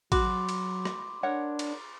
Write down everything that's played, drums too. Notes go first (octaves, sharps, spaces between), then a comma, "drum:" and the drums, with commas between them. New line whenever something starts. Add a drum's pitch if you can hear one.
F#3 F#4 B5 C6 D6, drum: kick A1, cymbal
drum: cymbal
drum: rim click
D4 A#4 C#5 F#5
drum: cymbal